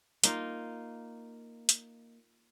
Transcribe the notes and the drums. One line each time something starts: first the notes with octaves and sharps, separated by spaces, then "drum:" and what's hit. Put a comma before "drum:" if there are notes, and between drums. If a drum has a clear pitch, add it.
A#3 D#4 F4, drum: hi-hat
drum: hi-hat